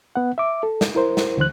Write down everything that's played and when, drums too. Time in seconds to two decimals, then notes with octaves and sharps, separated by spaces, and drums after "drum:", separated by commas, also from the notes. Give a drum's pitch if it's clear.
0.16 B3 F#5
0.38 E5 D6
0.63 A4
0.81 drum: snare
0.95 E4 A#4 C5
1.17 drum: snare
1.37 D2 D3 E3 C5 F#6